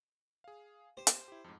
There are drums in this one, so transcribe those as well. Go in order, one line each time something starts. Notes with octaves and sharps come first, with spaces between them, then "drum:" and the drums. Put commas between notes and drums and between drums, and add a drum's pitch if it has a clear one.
G#4 F5
G4 C5
drum: hi-hat
E4 G4
F2 G#2